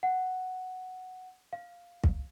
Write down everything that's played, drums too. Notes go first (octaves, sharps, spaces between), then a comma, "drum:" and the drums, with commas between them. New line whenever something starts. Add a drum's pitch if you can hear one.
F#5
F5
drum: kick